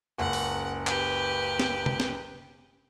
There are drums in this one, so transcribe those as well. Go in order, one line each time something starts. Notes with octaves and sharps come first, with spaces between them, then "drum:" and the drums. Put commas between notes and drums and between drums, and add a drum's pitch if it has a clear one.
F#1 C#2 F#5
drum: open hi-hat
G4 B4, drum: clap
drum: snare
drum: tom C3
drum: snare